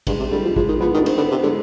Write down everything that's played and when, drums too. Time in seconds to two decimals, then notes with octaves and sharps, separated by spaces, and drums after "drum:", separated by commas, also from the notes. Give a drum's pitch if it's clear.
0.07 G2 G#3, drum: kick, cymbal
0.19 C3
0.31 D3 G3
0.45 F3
0.56 F3 G#3, drum: kick
0.69 D#3
0.81 F3 B3
0.94 D#3 D4
1.06 D#3 C4, drum: cymbal
1.18 D3 B3
1.31 C3
1.43 D3 G#3